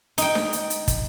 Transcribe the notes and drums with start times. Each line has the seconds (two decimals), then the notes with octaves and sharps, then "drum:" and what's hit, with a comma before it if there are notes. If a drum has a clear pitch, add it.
0.18 D#4 G5, drum: hi-hat
0.35 drum: snare D4
0.53 drum: hi-hat
0.70 drum: hi-hat
0.88 drum: kick, hi-hat